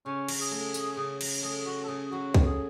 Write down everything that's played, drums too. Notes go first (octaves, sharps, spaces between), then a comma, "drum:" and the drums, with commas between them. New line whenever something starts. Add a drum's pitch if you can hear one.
C#3 C#4
F#3, drum: cymbal
G#4
A3
C#4, drum: tambourine
C#3
F#3, drum: cymbal
A3 G#4
C#4 F#4
A4
C#3 G#4
F#3 F#4
A3, drum: kick C2
G#4